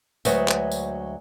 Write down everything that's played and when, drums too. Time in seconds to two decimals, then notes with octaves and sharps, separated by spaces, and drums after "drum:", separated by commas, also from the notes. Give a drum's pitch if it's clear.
0.25 D2 F#3 G#3 B4 E5, drum: tambourine
0.48 drum: clap
0.72 drum: tambourine